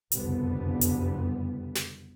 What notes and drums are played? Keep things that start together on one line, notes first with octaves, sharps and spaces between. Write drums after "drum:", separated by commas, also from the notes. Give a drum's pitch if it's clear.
F#1 C2 F2 D3 G3 B3, drum: hi-hat
drum: hi-hat
drum: snare